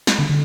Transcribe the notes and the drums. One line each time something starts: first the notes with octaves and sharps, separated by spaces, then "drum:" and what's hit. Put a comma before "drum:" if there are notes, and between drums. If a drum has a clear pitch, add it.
drum: snare
D3
D3